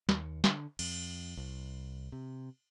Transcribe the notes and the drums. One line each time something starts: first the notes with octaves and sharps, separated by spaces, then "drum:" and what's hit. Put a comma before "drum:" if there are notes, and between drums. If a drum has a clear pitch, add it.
D#2, drum: snare
D3, drum: snare
F2, drum: cymbal
C2
C3